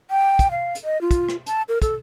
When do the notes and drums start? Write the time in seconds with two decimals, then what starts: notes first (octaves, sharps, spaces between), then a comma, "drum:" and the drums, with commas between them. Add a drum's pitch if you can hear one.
0.11 G5
0.39 drum: kick, hi-hat
0.51 F5
0.75 drum: hi-hat
0.84 D#5
1.01 F4
1.11 drum: kick, hi-hat
1.29 drum: rim click
1.46 A5, drum: hi-hat
1.69 A#4
1.82 A4, drum: kick, hi-hat